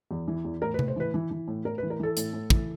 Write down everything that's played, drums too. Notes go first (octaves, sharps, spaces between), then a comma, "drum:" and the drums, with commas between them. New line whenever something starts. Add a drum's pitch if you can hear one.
E2
E3
E2
A2 A#4
B4
A2, drum: tom C3
C5
E3 B4
E3
E3
A2
A2 A#4
B4
E3
A#4
E3 A4
A2, drum: hi-hat
A2
E3, drum: kick